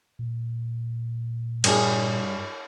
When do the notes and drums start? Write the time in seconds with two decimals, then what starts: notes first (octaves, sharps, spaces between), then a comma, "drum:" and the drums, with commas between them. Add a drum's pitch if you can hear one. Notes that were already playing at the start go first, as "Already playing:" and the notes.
0.19 A#2
1.64 G2 G#4, drum: cymbal